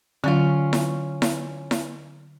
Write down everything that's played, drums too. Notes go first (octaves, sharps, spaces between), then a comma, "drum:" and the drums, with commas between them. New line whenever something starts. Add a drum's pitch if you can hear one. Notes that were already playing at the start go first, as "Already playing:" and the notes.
D3 F#3 C#4 F4
drum: snare E4
drum: snare E4
drum: snare E4